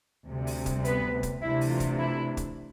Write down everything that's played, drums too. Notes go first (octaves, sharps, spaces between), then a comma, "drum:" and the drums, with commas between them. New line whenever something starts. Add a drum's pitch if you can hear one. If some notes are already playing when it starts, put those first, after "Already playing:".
D2 C3 G3
drum: open hi-hat
drum: kick, hi-hat
B3 B4, drum: hi-hat
drum: kick, hi-hat
C3 E3 A3 D4 E4
drum: open hi-hat
F4
drum: kick, hi-hat
E4
drum: kick, hi-hat